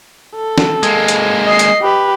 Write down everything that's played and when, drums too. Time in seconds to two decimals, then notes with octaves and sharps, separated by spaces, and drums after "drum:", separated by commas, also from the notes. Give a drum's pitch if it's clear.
0.36 A4
0.58 drum: snare
0.83 G#3 A#3, drum: hi-hat
1.08 drum: hi-hat
1.46 D#5 C7
1.59 drum: hi-hat
1.82 G4 B4